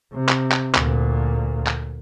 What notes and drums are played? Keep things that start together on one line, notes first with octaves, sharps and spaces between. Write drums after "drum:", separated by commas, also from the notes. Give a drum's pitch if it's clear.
C3
drum: clap
drum: clap
D2 A#2, drum: clap
drum: clap